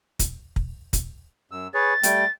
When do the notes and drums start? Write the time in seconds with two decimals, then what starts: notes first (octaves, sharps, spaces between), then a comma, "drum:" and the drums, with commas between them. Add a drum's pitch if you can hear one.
0.19 drum: kick, hi-hat
0.56 drum: kick
0.93 drum: kick, hi-hat
1.51 F#2 E6
1.74 G#4 B4 C#5 A6
2.03 G3 A3 G5, drum: hi-hat